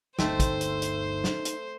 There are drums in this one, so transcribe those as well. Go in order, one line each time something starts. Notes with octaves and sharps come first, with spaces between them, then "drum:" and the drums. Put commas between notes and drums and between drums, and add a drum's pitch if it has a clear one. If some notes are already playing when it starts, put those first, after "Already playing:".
G1 D2 A3 C4 D#4 C5, drum: snare
drum: kick, hi-hat
drum: hi-hat
drum: hi-hat
drum: snare
drum: hi-hat